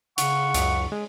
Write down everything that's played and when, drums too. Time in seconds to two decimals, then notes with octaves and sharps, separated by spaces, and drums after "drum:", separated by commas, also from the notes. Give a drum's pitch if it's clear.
0.18 C#3 F#5 C#6, drum: hi-hat
0.54 C#2 F#2, drum: hi-hat
0.92 G#3